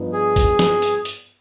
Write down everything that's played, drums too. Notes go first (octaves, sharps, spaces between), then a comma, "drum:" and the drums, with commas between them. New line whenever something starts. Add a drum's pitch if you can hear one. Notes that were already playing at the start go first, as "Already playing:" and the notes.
Already playing: G2 F3 B3 D#4
G#4
drum: kick, hi-hat
drum: snare
drum: hi-hat
drum: hi-hat